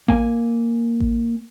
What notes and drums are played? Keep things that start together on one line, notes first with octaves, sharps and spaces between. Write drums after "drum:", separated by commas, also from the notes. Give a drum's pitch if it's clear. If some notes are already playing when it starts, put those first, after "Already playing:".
A#3 G#5, drum: kick A1
drum: kick A1